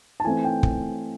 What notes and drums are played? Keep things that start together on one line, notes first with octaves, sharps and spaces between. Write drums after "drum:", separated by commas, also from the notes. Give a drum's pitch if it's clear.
A5
E3 A3 C4 G#5
G5
drum: kick